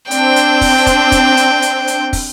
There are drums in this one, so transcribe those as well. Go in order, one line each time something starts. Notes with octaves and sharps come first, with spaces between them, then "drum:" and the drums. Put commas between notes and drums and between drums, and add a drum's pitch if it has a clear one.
C4 D4 G5, drum: hi-hat
drum: hi-hat
drum: kick, open hi-hat
drum: kick, hi-hat
drum: kick, hi-hat
drum: hi-hat
drum: hi-hat
drum: hi-hat
drum: kick, open hi-hat